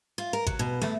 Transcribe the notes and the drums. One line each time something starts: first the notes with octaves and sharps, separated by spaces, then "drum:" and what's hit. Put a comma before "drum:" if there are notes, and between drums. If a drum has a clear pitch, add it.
F4
A#4
F#3, drum: kick
B2
A3, drum: snare